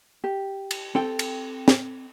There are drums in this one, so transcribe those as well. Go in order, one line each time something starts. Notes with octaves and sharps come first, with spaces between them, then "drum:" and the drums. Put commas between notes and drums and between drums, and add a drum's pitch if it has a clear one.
G4
drum: cymbal
C4 A4 G5
drum: cymbal
drum: snare